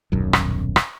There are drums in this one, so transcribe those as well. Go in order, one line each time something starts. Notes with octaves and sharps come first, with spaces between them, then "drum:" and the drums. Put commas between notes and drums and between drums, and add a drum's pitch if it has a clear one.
D#1 B1 F#2
drum: rim click
drum: rim click